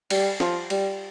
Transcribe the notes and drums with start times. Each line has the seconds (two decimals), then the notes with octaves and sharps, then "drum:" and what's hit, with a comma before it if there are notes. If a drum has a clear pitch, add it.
0.10 G3, drum: cymbal
0.40 F3, drum: snare
0.70 G3, drum: cymbal